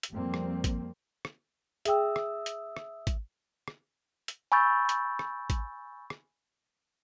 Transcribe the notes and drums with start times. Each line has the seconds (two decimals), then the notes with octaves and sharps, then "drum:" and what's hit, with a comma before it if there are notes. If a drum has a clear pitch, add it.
0.03 drum: hi-hat
0.13 F2 F3 G3 A#3 C4
0.34 drum: rim click
0.64 drum: kick G#1, hi-hat
1.25 drum: rim click
1.85 G#4 E5 G5 D#6 E6, drum: hi-hat
2.16 drum: rim click
2.46 drum: hi-hat
2.77 drum: rim click
3.07 drum: kick G#1, hi-hat
3.68 drum: rim click
4.28 drum: hi-hat
4.52 G#5 B5 C#6 E6 G6 A6
4.89 drum: hi-hat
5.19 drum: rim click
5.50 drum: kick G#1, hi-hat
6.10 drum: rim click